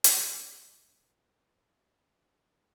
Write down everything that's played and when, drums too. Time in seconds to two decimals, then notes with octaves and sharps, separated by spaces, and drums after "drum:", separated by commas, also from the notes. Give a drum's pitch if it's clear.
0.04 drum: hi-hat
0.22 C#4 D4 F4 B4 D#5 G5